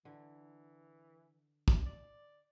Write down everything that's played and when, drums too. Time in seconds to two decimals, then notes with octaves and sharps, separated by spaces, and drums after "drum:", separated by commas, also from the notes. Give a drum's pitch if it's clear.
0.05 D3 E3
1.68 drum: kick
1.86 D5